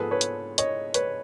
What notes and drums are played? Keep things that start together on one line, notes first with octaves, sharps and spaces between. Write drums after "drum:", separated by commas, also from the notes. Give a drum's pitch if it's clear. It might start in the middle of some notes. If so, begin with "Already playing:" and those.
Already playing: G#2 F3 G#3 B3 G#4 A4 B4
B4 C#5
drum: hi-hat
C#5 D#5, drum: hi-hat
B4 C#5, drum: hi-hat